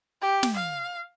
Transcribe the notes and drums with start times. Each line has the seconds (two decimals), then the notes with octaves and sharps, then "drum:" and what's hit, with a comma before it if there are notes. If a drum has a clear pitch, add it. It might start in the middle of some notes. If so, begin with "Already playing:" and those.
0.22 G4
0.43 drum: snare
0.55 F5